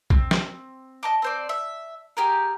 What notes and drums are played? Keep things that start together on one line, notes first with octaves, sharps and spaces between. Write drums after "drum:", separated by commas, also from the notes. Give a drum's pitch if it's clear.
C4, drum: kick B1
drum: snare
D#5 A5 D6
C4 C5 D5
E5
G4 G#4 A#4